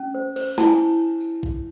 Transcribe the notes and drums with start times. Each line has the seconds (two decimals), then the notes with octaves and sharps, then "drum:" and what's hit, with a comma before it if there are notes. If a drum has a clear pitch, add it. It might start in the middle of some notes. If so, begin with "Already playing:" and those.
Already playing: C#4
0.15 C5
0.36 C5, drum: cymbal
0.58 E4 A5, drum: snare
0.67 G#5
1.20 drum: tambourine
1.43 drum: kick